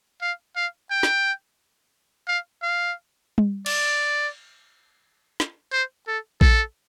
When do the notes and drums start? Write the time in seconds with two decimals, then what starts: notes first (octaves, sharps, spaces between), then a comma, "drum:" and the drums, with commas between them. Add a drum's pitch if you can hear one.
0.21 F5
0.56 F5
0.91 G5
1.03 drum: snare
2.28 F5
2.62 F5
3.38 drum: tom G3
3.66 D5, drum: cymbal
5.40 drum: snare
5.72 C5
6.07 A4
6.41 A4, drum: kick A#1